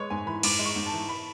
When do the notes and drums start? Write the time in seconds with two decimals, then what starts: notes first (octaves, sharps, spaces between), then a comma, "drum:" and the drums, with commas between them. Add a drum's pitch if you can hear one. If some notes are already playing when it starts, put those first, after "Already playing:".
Already playing: G#3 B4 C#5
0.10 G#2 G#5
0.26 E3 B5
0.43 G#2 D6, drum: cymbal
0.59 G#3
0.65 C#6
0.76 G#2
0.86 A5
0.93 E3
1.09 B5